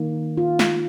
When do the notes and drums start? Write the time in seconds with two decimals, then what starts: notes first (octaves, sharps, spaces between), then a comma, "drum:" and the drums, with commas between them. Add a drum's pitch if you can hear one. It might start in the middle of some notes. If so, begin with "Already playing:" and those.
Already playing: D#3 A#3
0.37 F4
0.59 drum: snare